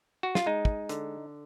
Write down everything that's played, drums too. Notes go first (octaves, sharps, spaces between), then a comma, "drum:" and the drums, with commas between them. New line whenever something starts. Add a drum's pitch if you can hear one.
F#4
F4, drum: snare
G#3 D#4
drum: kick
D3, drum: hi-hat